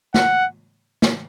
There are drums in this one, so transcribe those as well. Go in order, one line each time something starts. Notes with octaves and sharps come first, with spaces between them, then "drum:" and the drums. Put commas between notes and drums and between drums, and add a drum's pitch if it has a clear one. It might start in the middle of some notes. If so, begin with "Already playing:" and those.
F#5, drum: snare
drum: snare